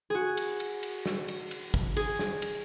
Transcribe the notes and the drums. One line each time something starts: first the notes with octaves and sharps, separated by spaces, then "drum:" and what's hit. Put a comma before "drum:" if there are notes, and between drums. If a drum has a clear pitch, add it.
F#4 G#4
drum: cymbal
drum: cymbal
drum: cymbal
drum: snare
drum: cymbal
drum: cymbal
drum: kick
G#4, drum: cymbal
drum: snare
drum: cymbal